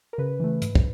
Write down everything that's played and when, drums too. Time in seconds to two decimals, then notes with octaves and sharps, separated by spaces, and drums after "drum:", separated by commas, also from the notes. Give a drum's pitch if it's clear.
0.13 A#4
0.18 C#3 B4
0.40 E3 A3
0.62 G#2, drum: hi-hat
0.75 drum: kick